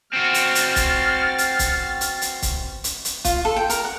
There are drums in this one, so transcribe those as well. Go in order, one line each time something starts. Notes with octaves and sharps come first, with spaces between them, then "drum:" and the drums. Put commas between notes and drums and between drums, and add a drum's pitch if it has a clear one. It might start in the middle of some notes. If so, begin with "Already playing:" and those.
C4 F#4 F6 A6
drum: hi-hat
drum: hi-hat
drum: kick, hi-hat
drum: hi-hat
drum: kick, hi-hat
drum: hi-hat
drum: hi-hat
drum: kick, hi-hat
drum: hi-hat
drum: hi-hat
F4, drum: kick, hi-hat
A4
G5
A#4, drum: hi-hat
F#5